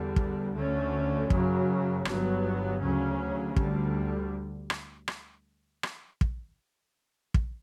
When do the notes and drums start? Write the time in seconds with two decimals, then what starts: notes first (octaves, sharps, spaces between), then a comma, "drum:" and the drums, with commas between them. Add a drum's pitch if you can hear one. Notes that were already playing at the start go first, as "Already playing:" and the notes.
Already playing: E2 D3 G3
0.16 drum: kick
0.54 D2 D3 A3 C#4
1.30 F#2 C#3 F#3, drum: kick
2.05 G1 G2 F#3 B3, drum: rim click
2.81 D2 C#3 F#3 C#4
3.56 D2 D3 G3, drum: kick
4.70 drum: rim click
5.08 drum: rim click
5.83 drum: rim click
6.21 drum: kick
7.34 drum: kick